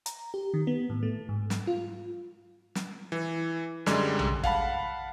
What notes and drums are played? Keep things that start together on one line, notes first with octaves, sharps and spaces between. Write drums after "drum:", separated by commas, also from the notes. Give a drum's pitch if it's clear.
A#5, drum: hi-hat
G4
D#3
B3
A2
A3
G#2
drum: snare
F4
drum: snare
E3
F#2 D3 G3 G#3 D6, drum: snare
drum: tom A#1
F5 F#5 A5 B5, drum: kick